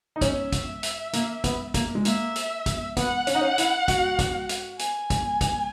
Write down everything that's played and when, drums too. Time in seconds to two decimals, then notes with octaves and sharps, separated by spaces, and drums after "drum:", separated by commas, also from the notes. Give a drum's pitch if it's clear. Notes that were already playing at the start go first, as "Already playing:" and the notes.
0.16 D#4
0.21 C#4 E5, drum: kick, hi-hat
0.52 drum: kick, hi-hat
0.83 drum: hi-hat
1.13 A#3, drum: hi-hat
1.44 B3, drum: kick, hi-hat
1.74 A#3, drum: kick, hi-hat
1.95 G#3
2.05 A#3 E5, drum: hi-hat
2.36 drum: hi-hat
2.66 drum: kick, hi-hat
2.97 B3 F#5, drum: kick, hi-hat
3.27 C#4, drum: hi-hat
3.35 D#4
3.41 C#4
3.58 E4, drum: hi-hat
3.88 F#4, drum: kick, hi-hat
4.19 drum: kick, hi-hat
4.49 drum: hi-hat
4.79 G#5, drum: hi-hat
5.10 drum: kick, hi-hat
5.41 drum: kick, hi-hat